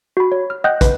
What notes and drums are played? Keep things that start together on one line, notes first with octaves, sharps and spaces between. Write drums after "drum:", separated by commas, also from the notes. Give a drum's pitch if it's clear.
F#4 B5
C#5
F6
D#5 F#5 G5 D#6 F#6 G6
B4, drum: kick, hi-hat